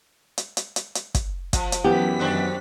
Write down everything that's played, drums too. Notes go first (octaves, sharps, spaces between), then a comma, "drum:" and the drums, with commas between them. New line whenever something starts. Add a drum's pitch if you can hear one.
drum: hi-hat
drum: hi-hat
drum: hi-hat
drum: hi-hat
drum: kick, hi-hat
F3, drum: kick, hi-hat
drum: hi-hat
F#2 E3 B3 G4 F#5 B6
D#3 D4 C5